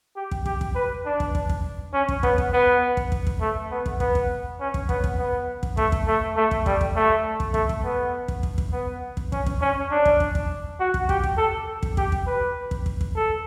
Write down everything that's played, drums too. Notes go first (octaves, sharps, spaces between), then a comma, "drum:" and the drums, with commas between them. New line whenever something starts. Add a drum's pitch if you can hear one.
G4
drum: kick
G4, drum: kick
drum: kick
B4
D4
drum: kick
drum: kick
drum: kick
C#4
drum: kick
B3, drum: kick
drum: kick
B3
drum: kick
drum: kick
drum: kick
A3
B3
drum: kick
B3, drum: kick
drum: kick
C#4
drum: kick
B3, drum: kick
drum: kick
B3
drum: kick
A3, drum: kick
drum: kick
A3
A3
drum: kick
G3, drum: kick
drum: kick
A3
drum: kick
A3, drum: kick
drum: kick
B3
drum: kick
drum: kick
drum: kick
B3
drum: kick
C#4, drum: kick
drum: kick
C#4
D4
drum: kick
drum: kick
drum: kick
F#4
drum: kick
G4, drum: kick
drum: kick
A4
drum: kick
G4, drum: kick
drum: kick
B4
drum: kick
drum: kick
drum: kick
A4